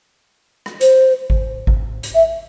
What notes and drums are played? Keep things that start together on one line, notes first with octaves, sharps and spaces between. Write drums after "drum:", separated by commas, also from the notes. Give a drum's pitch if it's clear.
drum: rim click
C5, drum: hi-hat
drum: kick G#1
drum: kick G#1
drum: hi-hat
E5